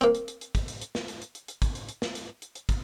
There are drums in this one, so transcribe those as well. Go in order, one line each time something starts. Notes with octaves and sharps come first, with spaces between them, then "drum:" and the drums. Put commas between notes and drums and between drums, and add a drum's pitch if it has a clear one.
A#3 C4, drum: hi-hat
drum: hi-hat
drum: hi-hat
drum: hi-hat
drum: kick, hi-hat
drum: hi-hat
drum: hi-hat
drum: snare
drum: hi-hat
drum: hi-hat
drum: hi-hat
drum: hi-hat
drum: kick, hi-hat
drum: hi-hat
drum: hi-hat
drum: snare
drum: hi-hat
drum: hi-hat
drum: hi-hat
drum: kick, hi-hat